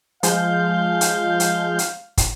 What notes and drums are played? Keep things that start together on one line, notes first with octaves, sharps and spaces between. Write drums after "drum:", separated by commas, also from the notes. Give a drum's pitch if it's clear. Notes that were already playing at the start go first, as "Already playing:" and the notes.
F3 G#3 F5 G6, drum: hi-hat
drum: hi-hat
drum: hi-hat
drum: hi-hat
drum: kick, hi-hat